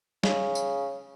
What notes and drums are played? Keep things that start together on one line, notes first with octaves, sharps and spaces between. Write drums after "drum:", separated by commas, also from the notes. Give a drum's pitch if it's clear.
C#3, drum: snare
drum: tambourine